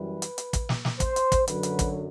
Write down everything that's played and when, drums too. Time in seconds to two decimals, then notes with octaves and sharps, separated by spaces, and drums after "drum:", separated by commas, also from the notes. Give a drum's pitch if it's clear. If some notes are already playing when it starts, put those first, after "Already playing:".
Already playing: F#2 E3 G3 B4
0.22 drum: hi-hat
0.38 drum: hi-hat
0.53 drum: kick, hi-hat
0.69 drum: snare
0.85 drum: snare
1.00 C5, drum: kick, hi-hat
1.16 drum: hi-hat
1.32 drum: kick, hi-hat
1.48 F#2 D3 F#3 B4, drum: hi-hat
1.63 drum: hi-hat
1.79 drum: kick, hi-hat